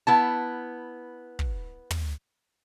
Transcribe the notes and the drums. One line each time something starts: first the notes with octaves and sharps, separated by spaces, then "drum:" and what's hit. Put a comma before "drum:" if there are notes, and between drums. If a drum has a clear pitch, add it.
B3 E4 A5
drum: kick
drum: tom